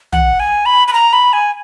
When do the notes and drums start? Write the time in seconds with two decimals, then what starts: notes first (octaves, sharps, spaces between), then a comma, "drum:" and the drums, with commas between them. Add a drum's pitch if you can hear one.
0.13 F#5, drum: tom
0.40 G#5
0.66 B5
0.88 B5
0.93 A#5
1.13 B5
1.33 G#5